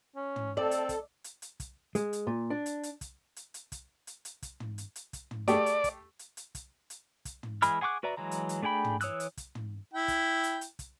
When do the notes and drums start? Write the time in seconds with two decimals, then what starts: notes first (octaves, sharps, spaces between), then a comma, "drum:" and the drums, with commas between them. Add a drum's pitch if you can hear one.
0.16 C#4
0.36 drum: tom
0.57 C4 A4 D5
0.71 drum: hi-hat
0.89 drum: kick, hi-hat
1.24 drum: hi-hat
1.42 drum: hi-hat
1.60 drum: kick, hi-hat
1.95 G#3, drum: hi-hat
2.13 drum: hi-hat
2.27 A#2
2.50 D4
2.66 drum: hi-hat
2.83 drum: hi-hat
3.01 drum: kick, hi-hat
3.36 drum: hi-hat
3.54 drum: hi-hat
3.72 drum: kick, hi-hat
4.07 drum: hi-hat
4.25 drum: hi-hat
4.43 drum: kick, hi-hat
4.60 drum: tom
4.78 drum: hi-hat
4.96 drum: hi-hat
5.13 drum: kick, hi-hat
5.31 drum: tom
5.48 A3 G4 G#4 D5, drum: hi-hat
5.66 drum: hi-hat
5.84 drum: kick, hi-hat
6.19 drum: hi-hat
6.37 drum: hi-hat
6.55 drum: kick, hi-hat
6.90 drum: hi-hat
7.25 drum: kick, hi-hat
7.43 drum: tom
7.62 E3 G#3 G#4 B5 F6, drum: hi-hat
7.81 G#4 F#5 C#6 D6 F#6
8.03 F#4 B4 D5 E5 A#5
8.17 E3 F#3 G#3 A#5
8.31 drum: hi-hat
8.49 drum: hi-hat
8.62 A3 D4 G#4 G5 B5
8.84 drum: tom
9.01 E3 C#5 D#6 E6 F#6, drum: hi-hat
9.20 drum: hi-hat
9.37 drum: kick, hi-hat
9.55 drum: tom
9.94 E4 G5
10.08 drum: kick, hi-hat
10.44 drum: hi-hat
10.61 drum: hi-hat
10.79 drum: kick, hi-hat